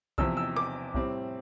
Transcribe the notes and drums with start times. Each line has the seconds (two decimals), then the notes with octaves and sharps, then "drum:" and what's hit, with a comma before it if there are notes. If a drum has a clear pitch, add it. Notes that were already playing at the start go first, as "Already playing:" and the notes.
0.18 E2 C3 F3 E6, drum: kick B1
0.37 E6
0.56 D6, drum: rim click
0.94 A2 G3 C4, drum: kick B1